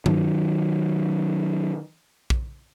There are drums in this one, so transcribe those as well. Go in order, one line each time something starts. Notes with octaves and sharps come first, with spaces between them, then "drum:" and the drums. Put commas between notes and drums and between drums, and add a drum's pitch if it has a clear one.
D#3 F#3, drum: tom G2
drum: kick A#1